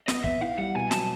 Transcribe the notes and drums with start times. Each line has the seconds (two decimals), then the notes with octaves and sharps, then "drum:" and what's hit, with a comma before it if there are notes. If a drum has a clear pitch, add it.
0.08 B3 D#5, drum: snare
0.24 B3 E5, drum: kick
0.41 E4 F5
0.58 G3 F#5
0.75 B2 G#5
0.91 F#3 A5, drum: snare